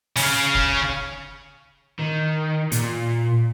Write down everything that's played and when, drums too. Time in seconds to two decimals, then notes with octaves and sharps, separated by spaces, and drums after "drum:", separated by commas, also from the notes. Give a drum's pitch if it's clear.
0.16 C#3 C#4, drum: open hi-hat
0.55 drum: kick F#1
1.99 D#3
2.72 A#2, drum: hi-hat